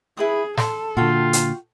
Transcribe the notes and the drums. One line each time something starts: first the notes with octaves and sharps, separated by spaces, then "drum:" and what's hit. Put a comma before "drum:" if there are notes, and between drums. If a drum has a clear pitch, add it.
E4 G#4 B4 D#6
A4 C6, drum: snare
A#2 D3 F4 F#4 G5
drum: hi-hat